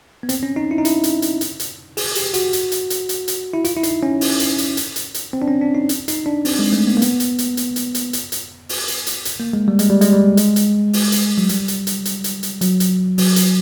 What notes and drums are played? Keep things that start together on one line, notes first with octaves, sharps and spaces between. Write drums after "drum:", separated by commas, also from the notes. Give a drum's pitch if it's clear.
B3
C4, drum: hi-hat
C#4
D#4
E4
D#4
E4, drum: hi-hat
drum: hi-hat
drum: hi-hat
drum: hi-hat
drum: hi-hat
G#4, drum: open hi-hat
G4, drum: hi-hat
F#4, drum: hi-hat
drum: hi-hat
drum: hi-hat
drum: hi-hat
drum: hi-hat
drum: hi-hat
E4
F4, drum: hi-hat
E4
D#4, drum: hi-hat
C#4
drum: open hi-hat
drum: hi-hat
drum: hi-hat
drum: hi-hat
drum: hi-hat
drum: hi-hat
C4
D4
C#4
D4
D#4
drum: hi-hat
D#4, drum: hi-hat
D4
C4, drum: open hi-hat
G#3
A3
B3
A#3
B3, drum: hi-hat
drum: hi-hat
drum: hi-hat
drum: hi-hat
drum: hi-hat
drum: hi-hat
drum: hi-hat
drum: hi-hat
drum: open hi-hat
drum: hi-hat
drum: hi-hat
drum: hi-hat
A#3
G#3
G3
G#3, drum: hi-hat
G3
G#3, drum: hi-hat
G3
G#3, drum: hi-hat
drum: hi-hat
drum: open hi-hat
drum: hi-hat
F#3
G3, drum: hi-hat
drum: hi-hat
drum: hi-hat
drum: hi-hat
drum: hi-hat
drum: hi-hat
F#3, drum: hi-hat
drum: hi-hat
F#3, drum: open hi-hat
drum: hi-hat